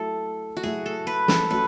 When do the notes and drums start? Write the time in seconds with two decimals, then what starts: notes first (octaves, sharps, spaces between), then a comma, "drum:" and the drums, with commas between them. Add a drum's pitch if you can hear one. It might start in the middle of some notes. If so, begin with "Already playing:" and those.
Already playing: F#3 A3 E4 A4
0.57 F#4
0.63 F#3 A3 E4 G#4
0.86 A4
1.07 B4
1.28 A4, drum: snare
1.50 F#3 A3 C#4 B4